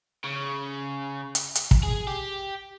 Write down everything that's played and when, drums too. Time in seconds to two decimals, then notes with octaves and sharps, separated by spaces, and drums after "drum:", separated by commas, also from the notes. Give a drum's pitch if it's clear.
0.24 C#3
1.35 drum: hi-hat
1.55 drum: hi-hat
1.71 drum: kick
1.83 G#4
2.07 G4